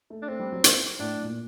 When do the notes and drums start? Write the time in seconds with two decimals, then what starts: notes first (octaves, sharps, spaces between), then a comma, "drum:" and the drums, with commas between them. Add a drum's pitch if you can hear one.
0.10 A3
0.22 D4
0.28 A3 C4
0.40 G3
0.52 F#3
0.64 drum: hi-hat
0.99 A2 D4
1.23 A#2